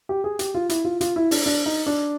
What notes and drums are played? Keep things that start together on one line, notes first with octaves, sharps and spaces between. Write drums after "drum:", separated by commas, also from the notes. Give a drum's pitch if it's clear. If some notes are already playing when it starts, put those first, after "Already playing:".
G4
G#4
G4, drum: hi-hat
F4
E4, drum: hi-hat
F4
F4, drum: hi-hat
E4
D4, drum: open hi-hat
D4
D#4
D4